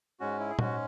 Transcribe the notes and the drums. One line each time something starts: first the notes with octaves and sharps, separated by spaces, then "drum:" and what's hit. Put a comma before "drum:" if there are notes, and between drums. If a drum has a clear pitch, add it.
G#2 G#3 C#4 F#4
E4
G#4
G#2 G#3 C#4 F#4, drum: tom A#2